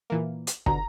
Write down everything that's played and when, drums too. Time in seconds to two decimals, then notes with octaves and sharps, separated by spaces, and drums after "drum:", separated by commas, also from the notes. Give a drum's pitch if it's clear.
0.10 A#2 E3 A#3
0.47 drum: hi-hat
0.66 B2 D3 A#5, drum: kick